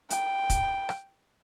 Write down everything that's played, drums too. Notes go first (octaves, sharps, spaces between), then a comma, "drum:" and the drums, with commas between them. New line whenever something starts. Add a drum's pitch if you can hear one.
G5, drum: hi-hat
drum: kick, hi-hat
drum: rim click